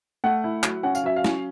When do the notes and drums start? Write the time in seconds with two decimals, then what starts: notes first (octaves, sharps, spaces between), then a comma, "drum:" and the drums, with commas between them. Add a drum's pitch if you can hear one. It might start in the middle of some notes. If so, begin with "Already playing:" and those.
0.24 A3 F#5
0.44 E4
0.63 F#3, drum: clap
0.83 C#4 F#5
0.95 F5, drum: tambourine
1.03 F#3 E5
1.16 F5
1.24 C#4, drum: snare